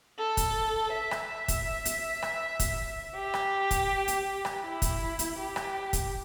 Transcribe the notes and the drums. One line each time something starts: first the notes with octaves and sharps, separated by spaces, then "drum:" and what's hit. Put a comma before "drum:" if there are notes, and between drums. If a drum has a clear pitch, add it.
A4
drum: kick, hi-hat
E5
drum: rim click
drum: kick, hi-hat
drum: hi-hat
drum: rim click
drum: kick, hi-hat
G4
drum: rim click
drum: kick, hi-hat
drum: hi-hat
drum: rim click
E4
drum: kick, hi-hat
drum: hi-hat
G4
drum: rim click
drum: kick, hi-hat